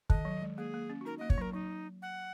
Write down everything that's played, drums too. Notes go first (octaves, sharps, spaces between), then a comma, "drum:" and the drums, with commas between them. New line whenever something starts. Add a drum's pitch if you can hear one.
D#3 D#5, drum: kick
F#3
G#3
A#3 G#4
A#3
C#4
F#4
D#4 A#4
A#3 D#5
C#5, drum: kick
F#3 A#4
F#3 D#4
F#5